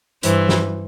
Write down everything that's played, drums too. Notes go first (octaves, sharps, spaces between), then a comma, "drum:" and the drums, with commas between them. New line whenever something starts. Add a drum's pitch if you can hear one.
G2 E3 C5, drum: hi-hat
drum: snare